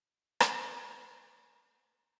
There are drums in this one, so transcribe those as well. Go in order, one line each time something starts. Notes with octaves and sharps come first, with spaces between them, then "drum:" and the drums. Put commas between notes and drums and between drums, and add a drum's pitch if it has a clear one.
E3 G3 B3
drum: rim click
C#3 G3 D4 A4